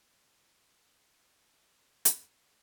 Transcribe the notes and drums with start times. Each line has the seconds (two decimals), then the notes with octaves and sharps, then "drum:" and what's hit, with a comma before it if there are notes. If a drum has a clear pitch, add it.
0.13 E5
1.17 F#2
2.05 drum: hi-hat